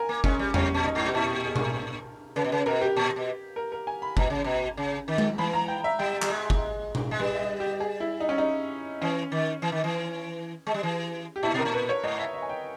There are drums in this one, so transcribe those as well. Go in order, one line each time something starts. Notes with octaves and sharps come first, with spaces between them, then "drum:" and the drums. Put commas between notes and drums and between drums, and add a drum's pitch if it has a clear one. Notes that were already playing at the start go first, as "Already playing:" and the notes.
Already playing: A#4 G#5 A#5
A#3
G#3 C#4, drum: kick
G3
G#2 C#4, drum: tom E2
A#2
D#4
G#2
B2 G4
A#2 E4
G4
G#4
G#4, drum: tom B2
A#4
C#3 B4
B2
C#3 B4
B2 A#4
G4
A#2
B2
A#4
A#4
G#5
B5
B2 A#5, drum: kick
C#3
B2
C#3
D#3
drum: tom G#3
E3 B5
A#5
G5
E5
G3 G5
G3, drum: clap
G#3
drum: kick
drum: tom B2
G#3
G3 B4
E5
D#5
G4
G#4
E4
D#4
C#4
D#4
E3 C#4
D#3
E3
D#3
E3
G#3
G3
E3
G4
A#2 E4
B2 A#4
A#2
B4
C#5
G#2 D#5
E5
E5
G#5
G5